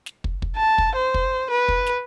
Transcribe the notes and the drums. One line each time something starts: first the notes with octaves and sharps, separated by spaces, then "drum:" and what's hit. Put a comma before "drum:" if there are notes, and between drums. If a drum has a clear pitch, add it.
drum: snare
drum: kick
drum: kick
A5
drum: kick
C5
drum: kick
B4
drum: kick
drum: snare